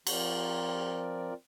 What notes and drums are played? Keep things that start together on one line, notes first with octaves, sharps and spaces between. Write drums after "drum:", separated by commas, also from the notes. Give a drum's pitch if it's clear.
F3 C4 F4 A#4 D5, drum: cymbal